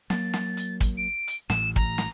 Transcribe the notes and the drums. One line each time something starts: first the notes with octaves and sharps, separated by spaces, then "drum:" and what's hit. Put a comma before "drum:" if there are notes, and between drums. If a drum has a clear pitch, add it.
F#3 A#3 A6, drum: snare
drum: snare
drum: hi-hat
drum: kick, hi-hat
D7
drum: hi-hat
A1 A2 E7, drum: snare
A#5, drum: kick
drum: snare